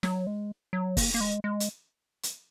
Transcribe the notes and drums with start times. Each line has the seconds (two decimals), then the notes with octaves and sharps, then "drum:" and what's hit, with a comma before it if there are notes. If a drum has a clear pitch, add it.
0.03 F#3, drum: snare
0.27 G#3
0.73 F#3
0.97 A#3, drum: kick, open hi-hat
1.14 A#3
1.21 G#3
1.44 G#3
1.60 drum: hi-hat
2.23 drum: hi-hat